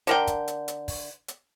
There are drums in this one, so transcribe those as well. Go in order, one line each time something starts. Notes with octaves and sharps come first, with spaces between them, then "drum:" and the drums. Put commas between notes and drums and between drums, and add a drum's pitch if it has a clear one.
D3 A#4 G5, drum: hi-hat
drum: kick, hi-hat
drum: hi-hat
drum: hi-hat
drum: kick, open hi-hat
drum: hi-hat